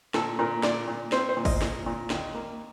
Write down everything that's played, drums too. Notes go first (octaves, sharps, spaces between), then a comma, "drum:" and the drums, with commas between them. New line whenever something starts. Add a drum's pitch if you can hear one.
A#2 A4, drum: snare
A#2 A#4
A#2 D5, drum: snare
A#2
C4 C5, drum: snare
C5
A#2
D#5, drum: kick G1, open hi-hat
A#2, drum: snare
A#2
D#2, drum: snare
A#3